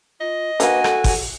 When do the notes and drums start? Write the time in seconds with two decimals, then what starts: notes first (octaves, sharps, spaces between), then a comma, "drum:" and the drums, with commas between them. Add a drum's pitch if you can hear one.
0.21 F4 D#5
0.60 D3 G#3 A#3 F#4 B4 G#5, drum: hi-hat
0.84 A4, drum: rim click
1.04 drum: kick G1, open hi-hat